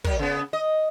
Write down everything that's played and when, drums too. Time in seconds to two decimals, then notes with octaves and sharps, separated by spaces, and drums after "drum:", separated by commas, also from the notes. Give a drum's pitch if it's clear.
0.04 F#3 A#4, drum: kick
0.19 C#3 B3
0.53 D#5